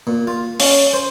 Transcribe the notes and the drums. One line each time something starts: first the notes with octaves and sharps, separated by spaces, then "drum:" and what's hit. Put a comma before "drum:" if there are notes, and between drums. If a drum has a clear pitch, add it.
A#2
F4
C#4, drum: open hi-hat
C5